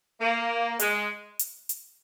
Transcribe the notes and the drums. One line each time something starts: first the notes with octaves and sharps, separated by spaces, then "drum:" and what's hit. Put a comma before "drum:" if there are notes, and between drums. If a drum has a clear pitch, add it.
A#3
G#3, drum: hi-hat
drum: hi-hat
drum: hi-hat